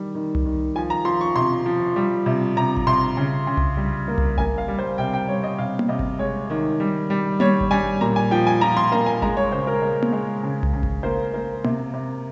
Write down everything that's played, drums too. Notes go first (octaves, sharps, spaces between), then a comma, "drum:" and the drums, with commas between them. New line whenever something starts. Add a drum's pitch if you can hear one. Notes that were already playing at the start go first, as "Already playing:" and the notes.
Already playing: D#3 G3
D#3
drum: tom C2
D#3
F3 G#5
A#5
F3 C6
C#6
C3 C6
F3
G3
C3
C3 A#5
drum: kick G#1
C3 C6
C#3
C#3
drum: tom C2
G3
A#3
drum: tom C2
A#3 G#5, drum: kick G#1
F5
G3
C5
C3 G5
G5
G3 C#5
D#5
C3 F5
drum: tom A#3
C3 D#5
drum: kick G#1
G#3 C#5
D#3
G3
G3
G3 C#5, drum: tom A#3
drum: kick G#1
G3 G#5
A#2 A#5
G#5
F3 G5
G#5
F3 A#5
C6
A#3 A#5
G#5
G#3 A#5, drum: kick G#1
C#5
C#3 C5
A#4
G#3
drum: tom A#3
G#3
C#3
drum: tom C2
C#3
drum: kick G#1
A#3 C5
A#3
C3, drum: tom A#3
C3